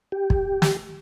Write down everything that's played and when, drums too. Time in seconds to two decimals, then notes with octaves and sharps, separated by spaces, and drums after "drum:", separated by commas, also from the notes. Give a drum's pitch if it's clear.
0.12 G4
0.30 drum: kick
0.62 drum: snare